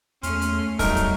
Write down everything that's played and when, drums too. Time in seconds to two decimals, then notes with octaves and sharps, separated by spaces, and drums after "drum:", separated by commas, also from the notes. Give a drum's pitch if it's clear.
0.23 E2 A3 C#4 C6 F6, drum: hi-hat
0.41 drum: hi-hat
0.79 E2 F#3 G3 A3 D#4 A#4, drum: kick, open hi-hat
0.96 drum: kick, hi-hat